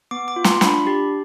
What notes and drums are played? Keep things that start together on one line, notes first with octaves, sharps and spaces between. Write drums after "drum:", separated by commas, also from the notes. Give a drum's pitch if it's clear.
B3 D6
D6
F4
C6, drum: snare
D4 B5, drum: snare
G4